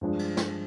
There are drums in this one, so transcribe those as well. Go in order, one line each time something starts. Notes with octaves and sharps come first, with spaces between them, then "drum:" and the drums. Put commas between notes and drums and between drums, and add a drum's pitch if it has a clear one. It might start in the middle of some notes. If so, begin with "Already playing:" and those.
G2 F3 G#3 D4
drum: cymbal
drum: snare